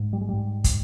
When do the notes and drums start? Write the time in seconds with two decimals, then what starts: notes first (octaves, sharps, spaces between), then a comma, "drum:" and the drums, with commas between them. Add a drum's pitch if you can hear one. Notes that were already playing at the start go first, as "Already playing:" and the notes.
Already playing: G#2
0.13 G3
0.21 G#3
0.29 G#2 G3
0.64 drum: kick, hi-hat